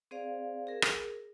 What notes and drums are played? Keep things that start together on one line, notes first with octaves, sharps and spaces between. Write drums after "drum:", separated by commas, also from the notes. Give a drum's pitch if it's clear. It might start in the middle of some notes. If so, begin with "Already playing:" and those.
C4 G#4 C5 D5 F5
G#4 A#4
drum: rim click